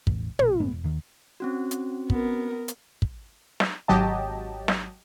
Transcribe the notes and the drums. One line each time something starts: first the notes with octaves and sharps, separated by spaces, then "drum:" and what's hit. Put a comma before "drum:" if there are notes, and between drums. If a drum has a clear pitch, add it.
E1 A1, drum: kick
A#1 B2, drum: tom
F#1 A2 G#3 B3
E1
D#2 D#3
C4 C#4 F#4
drum: hi-hat
B3 A#4, drum: kick
drum: hi-hat
drum: kick
drum: snare
G#1 F#3 G4 D#5 A5
drum: snare